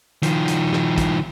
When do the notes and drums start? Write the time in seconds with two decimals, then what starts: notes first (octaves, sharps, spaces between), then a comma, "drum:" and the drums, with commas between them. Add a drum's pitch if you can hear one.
0.23 D#3 F3, drum: hi-hat
0.48 drum: hi-hat
0.73 drum: snare
0.98 drum: kick, hi-hat